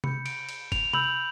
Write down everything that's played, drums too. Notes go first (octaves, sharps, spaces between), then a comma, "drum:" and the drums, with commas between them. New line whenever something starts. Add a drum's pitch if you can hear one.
B5 E6 G6 C#7, drum: tom C3
D7, drum: cymbal
drum: cymbal
F7, drum: kick, cymbal
B5 E6 G6 F#7, drum: tom C3